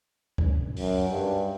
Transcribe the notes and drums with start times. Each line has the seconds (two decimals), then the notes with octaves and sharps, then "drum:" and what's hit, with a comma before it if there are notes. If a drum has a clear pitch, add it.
0.38 drum: kick C#2
0.77 F#2, drum: open hi-hat
1.09 G2